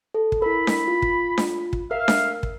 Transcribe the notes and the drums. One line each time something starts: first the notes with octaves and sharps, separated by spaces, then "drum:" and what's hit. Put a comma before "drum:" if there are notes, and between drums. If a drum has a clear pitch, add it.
A4
drum: kick
E4 A#4 B5
drum: snare D4
F4
drum: kick
drum: snare D4
drum: kick
A#4 E5 F5 F6
drum: snare D4
drum: kick